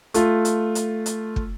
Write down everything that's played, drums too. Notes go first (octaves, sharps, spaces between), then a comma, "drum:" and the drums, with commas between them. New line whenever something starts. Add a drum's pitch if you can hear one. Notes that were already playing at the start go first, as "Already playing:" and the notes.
A3 F4, drum: hi-hat
drum: hi-hat
drum: hi-hat
drum: hi-hat
drum: kick